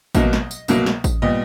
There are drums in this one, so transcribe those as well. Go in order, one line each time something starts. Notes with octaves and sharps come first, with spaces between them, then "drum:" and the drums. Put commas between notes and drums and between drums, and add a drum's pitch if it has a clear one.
C2 B2 F#3 A#3 D#5, drum: kick A1, tambourine
drum: snare
drum: tambourine
C2 B2 F#3 A#3, drum: tambourine
drum: snare
drum: kick A1, tambourine
A#2 G3 B3 D#5